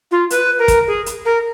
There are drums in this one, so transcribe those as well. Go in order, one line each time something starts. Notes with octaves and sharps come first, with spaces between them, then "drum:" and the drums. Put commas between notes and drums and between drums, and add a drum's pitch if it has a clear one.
F4
B4, drum: hi-hat
A#4
drum: kick, hi-hat
G#4
drum: hi-hat
A#4